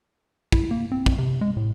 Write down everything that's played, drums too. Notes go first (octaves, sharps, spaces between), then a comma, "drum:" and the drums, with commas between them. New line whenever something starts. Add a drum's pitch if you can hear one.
E4, drum: kick
A#3
C4
drum: kick
C3
G#3
A2